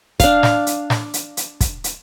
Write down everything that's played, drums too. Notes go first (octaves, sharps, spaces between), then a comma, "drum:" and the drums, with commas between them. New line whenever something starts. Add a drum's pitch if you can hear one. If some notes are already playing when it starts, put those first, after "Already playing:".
D4 F5, drum: kick, hi-hat
drum: snare
drum: hi-hat
drum: snare
drum: hi-hat
drum: hi-hat
drum: kick, hi-hat
drum: hi-hat